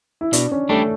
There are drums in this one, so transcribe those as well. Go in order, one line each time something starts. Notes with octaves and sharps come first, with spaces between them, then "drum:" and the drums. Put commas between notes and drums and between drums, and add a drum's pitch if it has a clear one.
E4
B2 D4, drum: hi-hat
C#4
G3 A3 D4